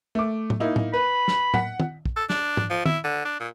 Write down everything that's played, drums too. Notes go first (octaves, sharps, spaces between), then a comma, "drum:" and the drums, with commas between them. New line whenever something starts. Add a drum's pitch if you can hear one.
A3 D6
drum: tom A2
A#3 D#4 E4
drum: tom A2
B4 B5
drum: snare
F#5 B6, drum: tom A2
drum: tom
drum: kick
A4
D4, drum: snare
drum: tom G#2
F3
E4, drum: tom
D3
D4
A#2